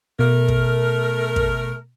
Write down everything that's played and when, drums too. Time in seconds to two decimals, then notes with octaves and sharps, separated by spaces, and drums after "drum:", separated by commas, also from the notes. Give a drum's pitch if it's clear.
0.19 B2 A3 A#4
0.48 drum: kick
1.36 drum: kick